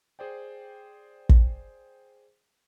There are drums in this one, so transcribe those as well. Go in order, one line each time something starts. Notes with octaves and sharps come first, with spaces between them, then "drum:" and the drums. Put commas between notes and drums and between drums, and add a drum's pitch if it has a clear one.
G#4 C5 D5 G5
drum: kick